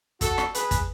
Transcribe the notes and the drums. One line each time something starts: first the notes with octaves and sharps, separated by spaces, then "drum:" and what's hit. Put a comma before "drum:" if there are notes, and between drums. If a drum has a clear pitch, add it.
F#4 A4, drum: kick, hi-hat
drum: rim click
G#4 B4, drum: hi-hat
drum: kick, hi-hat